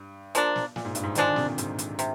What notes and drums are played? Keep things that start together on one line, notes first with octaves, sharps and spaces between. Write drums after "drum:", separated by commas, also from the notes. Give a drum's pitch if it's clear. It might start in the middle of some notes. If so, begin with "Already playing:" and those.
Already playing: G2
F3 A#3 D4, drum: hi-hat
drum: snare
A#2, drum: snare
G#2
G2, drum: hi-hat
G#2
D#3 F3 G#3 D4, drum: hi-hat
D3
C3, drum: snare
A#2
G#2, drum: hi-hat
drum: hi-hat
C3, drum: hi-hat